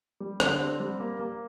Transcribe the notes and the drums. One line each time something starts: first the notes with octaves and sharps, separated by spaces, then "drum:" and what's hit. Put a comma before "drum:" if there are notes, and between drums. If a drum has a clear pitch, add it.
G3
D3, drum: rim click
C4
G3
A#3
A#3